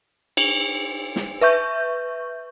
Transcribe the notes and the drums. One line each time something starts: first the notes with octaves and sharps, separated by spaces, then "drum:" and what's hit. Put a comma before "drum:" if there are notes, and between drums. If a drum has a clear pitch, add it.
drum: cymbal
drum: snare
B4 E5 C#6 G6